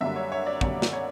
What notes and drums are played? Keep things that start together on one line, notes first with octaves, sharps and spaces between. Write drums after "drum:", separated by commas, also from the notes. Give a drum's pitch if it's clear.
F#2 D3 G3 A#3 E5
C#5
C#5
D5
F#2 D3 G3 A#3 C#5, drum: kick
drum: snare
C#5